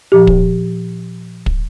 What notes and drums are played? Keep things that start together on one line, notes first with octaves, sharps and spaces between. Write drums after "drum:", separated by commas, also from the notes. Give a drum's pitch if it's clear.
A#2 F3 G4
drum: kick
drum: kick